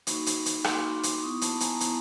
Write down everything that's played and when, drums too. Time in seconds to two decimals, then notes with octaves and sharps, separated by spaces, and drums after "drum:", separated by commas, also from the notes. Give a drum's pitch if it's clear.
0.07 A#3 D#4 F#4 B5 C#6, drum: hi-hat
0.26 drum: hi-hat
0.46 drum: hi-hat
0.64 A#3 D#4 F#4 C6 D6, drum: rim click
1.03 drum: hi-hat
1.22 B3 E4 C#6 D#6
1.41 A5 B5, drum: hi-hat
1.60 G#5 A#5, drum: hi-hat
1.80 B3 E4, drum: hi-hat